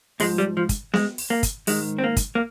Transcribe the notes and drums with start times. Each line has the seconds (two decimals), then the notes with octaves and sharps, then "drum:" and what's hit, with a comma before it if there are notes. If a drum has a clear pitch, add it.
0.20 G#2 F3 G#3, drum: open hi-hat
0.38 G3
0.57 F3
0.69 drum: kick, hi-hat
0.94 G#3, drum: snare B3
1.18 drum: open hi-hat
1.30 A#3
1.43 drum: kick, hi-hat
1.67 G#2 D#3 G#3, drum: open hi-hat
1.98 C4
2.04 A#3
2.17 drum: kick, hi-hat
2.35 A#3